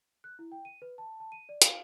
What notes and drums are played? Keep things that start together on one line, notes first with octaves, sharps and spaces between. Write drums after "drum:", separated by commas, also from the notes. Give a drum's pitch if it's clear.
F#6
E4
G5
D#7
B4
A5
A5
D#7
D5
F5, drum: hi-hat